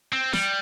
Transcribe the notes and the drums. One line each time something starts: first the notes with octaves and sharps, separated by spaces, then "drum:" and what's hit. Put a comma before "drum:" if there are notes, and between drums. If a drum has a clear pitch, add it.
C4
G3, drum: snare